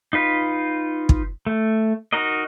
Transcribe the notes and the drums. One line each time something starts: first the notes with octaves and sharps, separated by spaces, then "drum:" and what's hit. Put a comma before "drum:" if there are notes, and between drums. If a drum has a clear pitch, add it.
D#4 F4 B4
drum: kick
A3
D#4 F#4 A#4 D#5